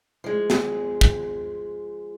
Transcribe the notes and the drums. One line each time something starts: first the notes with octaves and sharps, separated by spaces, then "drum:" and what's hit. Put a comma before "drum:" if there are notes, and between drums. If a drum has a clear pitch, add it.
F3 G#3
drum: snare
drum: kick